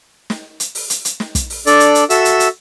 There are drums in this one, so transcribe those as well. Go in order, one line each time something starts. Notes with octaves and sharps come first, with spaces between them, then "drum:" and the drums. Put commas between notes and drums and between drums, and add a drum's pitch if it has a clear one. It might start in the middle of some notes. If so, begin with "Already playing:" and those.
drum: snare
drum: hi-hat
drum: open hi-hat
drum: hi-hat
drum: hi-hat
drum: snare
drum: kick, hi-hat
drum: open hi-hat
D4 A4 D5, drum: hi-hat
drum: hi-hat
drum: hi-hat
F#4 A4 E5 E6, drum: hi-hat
drum: hi-hat
drum: hi-hat